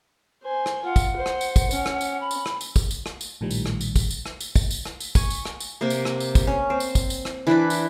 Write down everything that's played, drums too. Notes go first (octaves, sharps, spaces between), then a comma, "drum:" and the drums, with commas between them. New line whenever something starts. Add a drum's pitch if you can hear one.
C5 G#5
drum: rim click
F4 F#5
drum: kick, tambourine
C5
drum: rim click
drum: tambourine
drum: kick, tambourine
C#4, drum: tambourine
drum: rim click
drum: tambourine
B5
drum: tambourine
drum: rim click
drum: tambourine
drum: kick, tambourine
drum: tambourine
drum: rim click
drum: tambourine
A#1 A2 D#3 F3 G3
drum: tambourine
drum: rim click
drum: tambourine
drum: kick, tambourine
drum: tambourine
drum: rim click
drum: tambourine
drum: kick, tambourine
drum: tambourine
drum: rim click
drum: tambourine
G#5 C#6, drum: kick, tambourine
drum: tambourine
drum: rim click
drum: tambourine
C3 A#3
drum: tambourine
drum: rim click
drum: tambourine
drum: kick, tambourine
C#4
C4
drum: tambourine
drum: kick, tambourine
drum: tambourine
drum: rim click
E3 D4 B4 D5
drum: tambourine